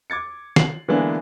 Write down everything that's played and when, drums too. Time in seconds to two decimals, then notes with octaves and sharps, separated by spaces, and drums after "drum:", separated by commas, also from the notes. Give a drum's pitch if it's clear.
0.10 D6 G#6 A6 C#7
0.56 C7 F#7, drum: snare
0.88 D3 E3 G#3 A#3 B3 D4